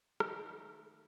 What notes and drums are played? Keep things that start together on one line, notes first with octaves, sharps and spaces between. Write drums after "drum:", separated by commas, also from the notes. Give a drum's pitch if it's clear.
D#3 G#3, drum: rim click
A3